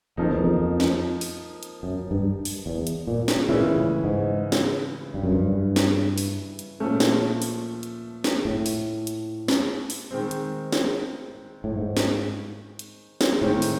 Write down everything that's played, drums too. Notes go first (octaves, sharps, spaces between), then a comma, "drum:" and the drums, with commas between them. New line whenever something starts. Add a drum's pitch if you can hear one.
F2 F3 A#3 D#4
E2
F2
drum: snare
drum: open hi-hat
drum: hi-hat
F#2
G2
drum: open hi-hat
E2
drum: hi-hat
A#2
drum: snare
A#2 C#3 E3 G#3 C#4 E4
A2
G#2
drum: snare
G2
F#2
G2
drum: snare
drum: open hi-hat
drum: hi-hat
A#2 F3 A3 C#4
drum: snare
drum: open hi-hat
drum: hi-hat
drum: snare
A2
drum: open hi-hat
drum: hi-hat
drum: snare
drum: open hi-hat
D#3 G#3 C4
drum: hi-hat
drum: snare
A2
G#2
drum: snare
drum: hi-hat
drum: snare
A2 D#3 G#3 C4
drum: open hi-hat